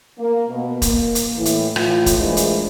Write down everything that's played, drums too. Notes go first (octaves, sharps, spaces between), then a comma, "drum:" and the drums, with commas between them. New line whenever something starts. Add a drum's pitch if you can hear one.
A#3
B2
A#3, drum: kick, hi-hat
drum: hi-hat
A2 E3 E4
drum: hi-hat
A2 E3 F4, drum: rim click
drum: kick, hi-hat
A#2 D3 E3 G#3 A3 C5
drum: hi-hat